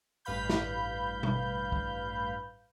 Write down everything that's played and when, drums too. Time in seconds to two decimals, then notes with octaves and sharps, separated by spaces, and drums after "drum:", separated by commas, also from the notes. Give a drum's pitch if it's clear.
0.25 A1 G2 B4 F5 B5 G6
0.49 drum: snare
1.23 drum: tom B2
1.72 drum: kick